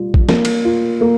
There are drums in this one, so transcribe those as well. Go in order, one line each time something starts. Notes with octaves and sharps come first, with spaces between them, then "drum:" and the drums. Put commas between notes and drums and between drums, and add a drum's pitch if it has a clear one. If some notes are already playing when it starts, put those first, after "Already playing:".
Already playing: G3 F4
drum: kick A1
A#3, drum: snare
drum: cymbal
F4
A#3